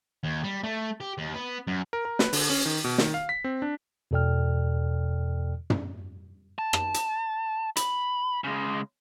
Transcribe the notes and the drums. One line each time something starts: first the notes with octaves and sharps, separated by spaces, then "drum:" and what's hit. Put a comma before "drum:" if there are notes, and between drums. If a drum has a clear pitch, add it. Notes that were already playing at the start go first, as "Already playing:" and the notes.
D#2
G3
A3
G4
D#2
B3
F#2
A#4
A#4
B4, drum: snare
D3, drum: open hi-hat
C#4
D#3
B2
D#3, drum: snare
F5
B6
C4
D4
E2 B2 A4 D5 G5 F6
drum: tom
A5
drum: rim click
drum: hi-hat
B5, drum: hi-hat
C#3 G#3